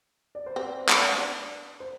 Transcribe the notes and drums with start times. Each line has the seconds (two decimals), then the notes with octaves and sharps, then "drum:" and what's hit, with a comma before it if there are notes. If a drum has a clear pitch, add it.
0.35 D5
0.46 C5
0.56 C4 B4
0.89 drum: clap
1.18 D4
1.80 C5